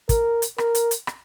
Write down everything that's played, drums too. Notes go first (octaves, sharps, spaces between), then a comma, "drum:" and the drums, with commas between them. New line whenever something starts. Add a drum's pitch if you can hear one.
A#4, drum: kick, hi-hat
drum: hi-hat
A#4, drum: rim click
drum: hi-hat
drum: hi-hat
drum: rim click